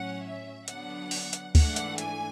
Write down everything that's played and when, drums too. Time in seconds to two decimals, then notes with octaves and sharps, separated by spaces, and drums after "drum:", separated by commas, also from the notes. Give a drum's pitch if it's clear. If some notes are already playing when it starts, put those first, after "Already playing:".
Already playing: A2 F#3 C#4 F#5
0.25 E5
0.68 D3 F#3 B3 D4 F#5, drum: hi-hat
1.11 drum: open hi-hat
1.33 drum: hi-hat
1.55 G#2 E3 A3 D4 F#5, drum: kick D2, open hi-hat
1.76 drum: hi-hat
1.98 G#5, drum: hi-hat